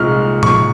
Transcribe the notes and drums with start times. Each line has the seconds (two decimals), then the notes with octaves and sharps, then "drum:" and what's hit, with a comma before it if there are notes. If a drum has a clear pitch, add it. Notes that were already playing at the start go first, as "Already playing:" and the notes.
Already playing: C2 A#2 F3 G#3 D#4 C#6 F6
0.43 C#6, drum: tom A2